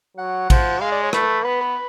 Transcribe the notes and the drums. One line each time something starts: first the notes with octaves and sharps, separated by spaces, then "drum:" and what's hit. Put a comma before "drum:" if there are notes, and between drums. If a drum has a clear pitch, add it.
F#3 F#5
F3, drum: kick, cymbal
G#3 F5
D5
C#5
A3 B4, drum: rim click
B3 B4
B4